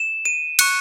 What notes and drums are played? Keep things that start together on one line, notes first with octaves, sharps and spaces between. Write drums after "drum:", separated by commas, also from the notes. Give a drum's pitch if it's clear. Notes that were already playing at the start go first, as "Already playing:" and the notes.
Already playing: E7
D#7
C#6 F#6 C#7, drum: cymbal